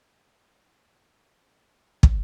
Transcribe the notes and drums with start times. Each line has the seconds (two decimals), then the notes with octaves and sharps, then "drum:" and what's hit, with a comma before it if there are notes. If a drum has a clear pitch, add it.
0.01 F5
0.72 G2
0.96 B2
2.03 drum: kick